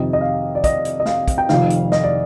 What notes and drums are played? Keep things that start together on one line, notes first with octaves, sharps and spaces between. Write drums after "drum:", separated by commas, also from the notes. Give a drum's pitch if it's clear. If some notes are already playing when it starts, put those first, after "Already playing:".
Already playing: F2 C3 D#3 D#5
D#5
F5
D5
D#5, drum: kick, hi-hat
drum: hi-hat
D#5
F5, drum: snare
drum: kick, hi-hat
G5
F1 F2 D#3 F5, drum: snare
drum: hi-hat
D#5, drum: snare
D5